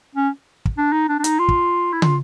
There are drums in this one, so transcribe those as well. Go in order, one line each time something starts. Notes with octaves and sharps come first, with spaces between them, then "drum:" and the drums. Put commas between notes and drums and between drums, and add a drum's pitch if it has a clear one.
C#4
drum: kick
D4
D#4
D4
D4
D#4, drum: hi-hat
F4
drum: kick
E4
F4, drum: tom